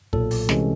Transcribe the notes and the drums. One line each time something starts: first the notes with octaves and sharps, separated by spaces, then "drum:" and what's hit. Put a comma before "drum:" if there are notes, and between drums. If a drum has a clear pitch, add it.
B1 A#2 F#3 A4, drum: kick
drum: open hi-hat
C2 C3 E3 G#3 C#4, drum: snare